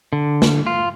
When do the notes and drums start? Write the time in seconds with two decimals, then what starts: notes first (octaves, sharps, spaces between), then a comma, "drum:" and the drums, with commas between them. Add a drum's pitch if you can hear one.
0.13 D3
0.42 drum: snare
0.67 F4